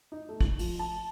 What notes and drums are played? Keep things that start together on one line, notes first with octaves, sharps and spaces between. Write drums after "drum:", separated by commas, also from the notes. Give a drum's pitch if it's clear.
D#4
A3
F#7, drum: kick
F3, drum: open hi-hat
A5